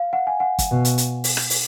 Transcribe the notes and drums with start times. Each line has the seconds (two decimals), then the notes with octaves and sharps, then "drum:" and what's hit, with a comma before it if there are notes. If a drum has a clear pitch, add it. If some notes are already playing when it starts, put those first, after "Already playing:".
Already playing: F5
0.13 F#5
0.27 G#5
0.40 F#5
0.59 drum: kick, hi-hat
0.71 B2
0.85 drum: hi-hat
0.98 drum: hi-hat
1.24 drum: open hi-hat
1.37 drum: rim click
1.50 drum: open hi-hat